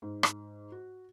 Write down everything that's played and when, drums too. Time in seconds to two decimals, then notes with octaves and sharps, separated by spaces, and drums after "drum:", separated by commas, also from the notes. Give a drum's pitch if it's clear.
0.02 G#2
0.23 drum: rim click
0.72 F#4